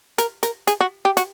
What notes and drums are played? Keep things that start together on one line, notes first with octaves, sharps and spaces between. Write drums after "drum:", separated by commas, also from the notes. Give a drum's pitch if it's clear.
A#4, drum: hi-hat
A#4, drum: hi-hat
G#4, drum: hi-hat
F#4
G4
F#4, drum: hi-hat